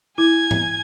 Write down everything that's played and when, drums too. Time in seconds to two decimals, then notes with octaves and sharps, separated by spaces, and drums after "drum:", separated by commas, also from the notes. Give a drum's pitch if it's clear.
0.18 E4 G#5 G#6
0.51 drum: tom G#2